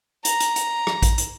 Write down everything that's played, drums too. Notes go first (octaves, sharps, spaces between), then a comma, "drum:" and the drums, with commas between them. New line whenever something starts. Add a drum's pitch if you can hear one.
A#5, drum: hi-hat
drum: hi-hat
drum: hi-hat
drum: rim click
drum: kick, hi-hat
drum: hi-hat